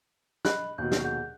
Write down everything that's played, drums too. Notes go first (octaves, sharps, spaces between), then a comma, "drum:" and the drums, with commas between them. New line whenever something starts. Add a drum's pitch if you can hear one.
D#5 B5 F#6, drum: snare
D#2 B2 G6
drum: snare
G#4 F#5 G6